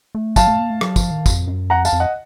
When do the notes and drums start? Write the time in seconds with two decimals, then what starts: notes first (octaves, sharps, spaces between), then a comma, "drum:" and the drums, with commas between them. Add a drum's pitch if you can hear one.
0.15 A3
0.36 F#3 F5 A5, drum: kick, tambourine
0.48 A3
0.59 A#3
0.70 A3
0.81 F#3, drum: rim click
0.96 F3, drum: kick, tambourine
1.11 D#3
1.26 F2, drum: kick, tambourine
1.48 F#2
1.70 F2 F#5 A#5
1.85 F5 A5, drum: tambourine
1.93 F2
2.00 D#5 F#5